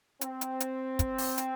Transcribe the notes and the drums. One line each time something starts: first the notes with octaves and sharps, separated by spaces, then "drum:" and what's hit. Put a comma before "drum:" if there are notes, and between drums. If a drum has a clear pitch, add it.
C4, drum: hi-hat
drum: hi-hat
drum: hi-hat
drum: kick, hi-hat
drum: open hi-hat
drum: hi-hat